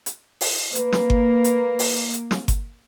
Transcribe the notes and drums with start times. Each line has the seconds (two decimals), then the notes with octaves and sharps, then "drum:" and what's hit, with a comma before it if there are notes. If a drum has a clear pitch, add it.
0.06 drum: hi-hat
0.41 drum: open hi-hat
0.75 A#3 B4, drum: hi-hat
0.92 drum: snare
1.10 drum: kick G1
1.44 drum: hi-hat
1.79 drum: open hi-hat
2.13 drum: hi-hat
2.31 drum: snare
2.48 drum: kick G1, hi-hat